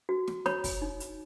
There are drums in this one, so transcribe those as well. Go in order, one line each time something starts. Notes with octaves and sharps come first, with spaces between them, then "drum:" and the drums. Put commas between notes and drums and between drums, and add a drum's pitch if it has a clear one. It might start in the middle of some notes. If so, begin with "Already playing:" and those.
F#4
drum: snare
C#5 B5, drum: snare
drum: kick, open hi-hat
D#4
drum: hi-hat